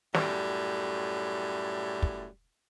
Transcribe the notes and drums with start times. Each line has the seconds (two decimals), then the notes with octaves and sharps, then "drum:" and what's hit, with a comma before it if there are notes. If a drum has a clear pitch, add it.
0.14 F#2 A2 G3, drum: snare
2.02 drum: kick